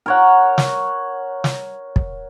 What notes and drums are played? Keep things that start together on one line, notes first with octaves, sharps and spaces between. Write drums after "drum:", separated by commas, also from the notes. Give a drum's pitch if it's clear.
A#4 C#5 F#5
drum: snare
drum: snare
drum: kick